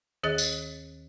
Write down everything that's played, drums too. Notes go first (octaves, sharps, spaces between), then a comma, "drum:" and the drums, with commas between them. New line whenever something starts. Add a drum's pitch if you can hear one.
D#2 D#3 G#4 D#5 F#6 A6
drum: tambourine